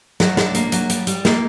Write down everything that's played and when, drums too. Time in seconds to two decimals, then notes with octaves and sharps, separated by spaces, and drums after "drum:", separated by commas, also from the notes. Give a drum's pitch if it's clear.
0.20 F#3, drum: snare
0.37 D4, drum: snare
0.55 A#3, drum: hi-hat
0.72 F#3, drum: hi-hat
0.90 G3, drum: hi-hat
1.07 G3, drum: hi-hat
1.25 A#3, drum: snare